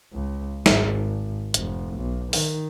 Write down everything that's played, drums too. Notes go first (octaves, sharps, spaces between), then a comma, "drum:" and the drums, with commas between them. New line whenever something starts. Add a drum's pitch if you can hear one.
C#2
G#1, drum: snare
F1, drum: hi-hat
B1
D#3, drum: open hi-hat